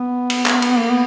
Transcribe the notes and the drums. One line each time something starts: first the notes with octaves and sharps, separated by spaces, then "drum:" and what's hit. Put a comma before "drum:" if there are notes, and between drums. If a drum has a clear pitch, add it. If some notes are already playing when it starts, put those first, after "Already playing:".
Already playing: B3
drum: cymbal
drum: clap
drum: cymbal
A#3
B3